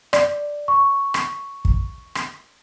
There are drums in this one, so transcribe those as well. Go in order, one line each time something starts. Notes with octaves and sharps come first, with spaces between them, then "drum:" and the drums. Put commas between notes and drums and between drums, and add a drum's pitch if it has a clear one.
D5, drum: rim click
C#6
drum: rim click
drum: kick
drum: rim click